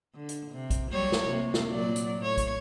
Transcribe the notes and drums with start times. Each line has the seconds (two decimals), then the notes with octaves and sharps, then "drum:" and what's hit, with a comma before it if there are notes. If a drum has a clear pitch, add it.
0.15 D3
0.29 drum: hi-hat
0.51 C3
0.70 drum: kick, hi-hat
0.91 F#3 G3 C#5
1.12 drum: snare
1.26 C3 A#3
1.54 drum: snare
1.71 A#2 F#3 D5
1.96 drum: hi-hat
2.20 A2 C#5
2.37 drum: kick, hi-hat